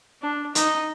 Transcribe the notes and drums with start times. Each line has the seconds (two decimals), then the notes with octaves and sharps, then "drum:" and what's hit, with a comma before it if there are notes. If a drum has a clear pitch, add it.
0.22 D4
0.55 D#4, drum: hi-hat